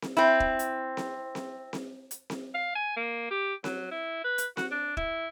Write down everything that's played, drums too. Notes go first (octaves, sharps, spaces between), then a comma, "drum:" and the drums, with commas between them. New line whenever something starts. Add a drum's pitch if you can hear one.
drum: snare C4
C4 E4
drum: kick
drum: hi-hat
drum: snare C4
drum: snare C4
drum: snare C4
drum: hi-hat
drum: snare C4
F5
G#5
A#3
G4
F#3, drum: snare C4
E4
B4
drum: hi-hat
F#4, drum: snare C4
D4
E4, drum: kick